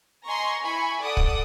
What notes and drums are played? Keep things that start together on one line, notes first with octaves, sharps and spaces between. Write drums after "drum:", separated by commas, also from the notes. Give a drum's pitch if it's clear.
D#5 G#5 A#5 C6 C#6
E4 G#5 B5 C#6
A4 D5 F#5 D6 D#6
drum: kick